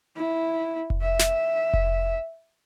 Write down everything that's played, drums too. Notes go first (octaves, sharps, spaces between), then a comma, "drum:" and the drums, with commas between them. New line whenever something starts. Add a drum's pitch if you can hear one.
E4
drum: kick F1
E5
drum: snare
drum: kick F1